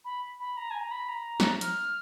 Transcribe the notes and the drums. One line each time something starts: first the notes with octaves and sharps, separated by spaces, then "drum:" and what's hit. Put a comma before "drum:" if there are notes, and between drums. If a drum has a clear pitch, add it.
B5
B5
A#5
G#5
A#5
B5
A#5
drum: snare
F6, drum: hi-hat